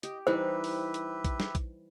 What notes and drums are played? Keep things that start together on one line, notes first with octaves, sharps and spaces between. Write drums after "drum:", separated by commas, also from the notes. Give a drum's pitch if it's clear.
G4 D#5, drum: hi-hat
E3 G3 D#4 G4 B4 C5 E5
drum: open hi-hat
drum: hi-hat
drum: kick A#1, hi-hat
drum: snare
drum: kick A#1, hi-hat